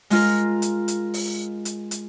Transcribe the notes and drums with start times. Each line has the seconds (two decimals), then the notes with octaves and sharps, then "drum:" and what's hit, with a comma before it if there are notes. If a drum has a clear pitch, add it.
0.10 G#3 F4 A#4, drum: open hi-hat
0.62 drum: hi-hat
0.88 drum: hi-hat
1.14 drum: open hi-hat
1.65 drum: hi-hat
1.91 drum: hi-hat